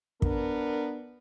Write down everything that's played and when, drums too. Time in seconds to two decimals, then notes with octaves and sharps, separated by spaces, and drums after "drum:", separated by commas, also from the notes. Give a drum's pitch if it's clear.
0.22 B3 D4 A#4, drum: kick